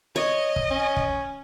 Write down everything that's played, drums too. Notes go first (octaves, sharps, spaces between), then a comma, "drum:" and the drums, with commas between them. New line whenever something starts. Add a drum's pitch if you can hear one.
C#5 D#5
drum: kick
C#4
drum: kick